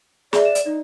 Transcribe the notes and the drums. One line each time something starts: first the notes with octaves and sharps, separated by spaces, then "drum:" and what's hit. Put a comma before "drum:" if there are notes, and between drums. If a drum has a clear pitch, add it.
G#4 D5 E5, drum: snare
E7
drum: hi-hat
D#4 D5